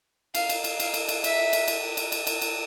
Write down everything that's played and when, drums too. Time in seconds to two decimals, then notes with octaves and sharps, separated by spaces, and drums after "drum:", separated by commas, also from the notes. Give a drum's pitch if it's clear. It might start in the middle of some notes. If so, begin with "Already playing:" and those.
0.35 F5, drum: cymbal
0.49 drum: cymbal
0.64 drum: cymbal
0.80 F5, drum: cymbal
0.94 drum: cymbal
1.09 drum: cymbal
1.24 E5, drum: cymbal
1.53 drum: cymbal
1.68 drum: cymbal
1.97 drum: cymbal
2.12 drum: cymbal
2.27 drum: cymbal
2.42 drum: cymbal